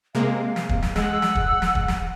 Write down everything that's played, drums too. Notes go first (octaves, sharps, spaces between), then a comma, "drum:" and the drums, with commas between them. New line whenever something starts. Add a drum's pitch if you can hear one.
C3 G#3 A#3 F5
drum: snare
drum: kick
drum: snare
G#3 F#5 E6, drum: snare
drum: snare
drum: kick
drum: snare
drum: kick
drum: snare